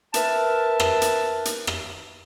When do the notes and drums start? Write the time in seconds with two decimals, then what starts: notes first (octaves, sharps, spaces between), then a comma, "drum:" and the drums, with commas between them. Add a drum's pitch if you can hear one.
0.14 A#4 B4 E5 A5, drum: hi-hat
0.80 drum: rim click
1.02 drum: hi-hat
1.45 drum: hi-hat
1.67 drum: rim click